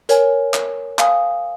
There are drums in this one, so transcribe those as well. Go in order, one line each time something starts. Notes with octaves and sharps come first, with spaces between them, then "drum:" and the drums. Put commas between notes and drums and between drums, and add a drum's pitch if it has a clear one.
A#4 C#5 G#5, drum: hi-hat
drum: clap
F5 G#5 D#6, drum: clap